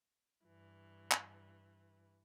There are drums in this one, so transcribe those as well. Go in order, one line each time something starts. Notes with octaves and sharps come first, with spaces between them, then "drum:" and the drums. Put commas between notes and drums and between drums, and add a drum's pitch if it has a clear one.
G2 E3
drum: clap